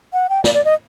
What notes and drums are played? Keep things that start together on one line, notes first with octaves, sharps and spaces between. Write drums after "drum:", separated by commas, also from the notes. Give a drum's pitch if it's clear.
F#5
G5
D5, drum: snare
D5
D#5